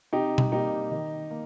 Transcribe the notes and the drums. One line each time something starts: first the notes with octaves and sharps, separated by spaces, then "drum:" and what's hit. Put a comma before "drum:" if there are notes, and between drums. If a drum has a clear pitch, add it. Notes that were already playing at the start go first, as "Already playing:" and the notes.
C3 D#4 G4
drum: tom B2
G3 A#3 D#4 G4
D#3
A#3